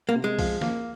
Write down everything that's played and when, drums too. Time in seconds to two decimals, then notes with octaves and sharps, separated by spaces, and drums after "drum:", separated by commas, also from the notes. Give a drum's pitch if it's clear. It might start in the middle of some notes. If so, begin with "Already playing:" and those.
0.09 A#3
0.15 C3
0.24 G#3
0.39 F3, drum: kick, open hi-hat
0.61 A#3, drum: snare